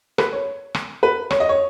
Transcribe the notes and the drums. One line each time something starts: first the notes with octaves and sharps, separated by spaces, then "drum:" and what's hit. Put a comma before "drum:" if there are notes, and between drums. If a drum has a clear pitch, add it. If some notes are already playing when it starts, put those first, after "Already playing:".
B4, drum: rim click
C#5
drum: rim click
B4
C#5, drum: rim click
D#5
C#5